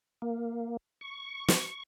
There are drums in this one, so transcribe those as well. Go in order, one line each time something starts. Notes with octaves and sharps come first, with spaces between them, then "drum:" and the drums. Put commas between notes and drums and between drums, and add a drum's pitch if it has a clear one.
A#3
C#6
drum: snare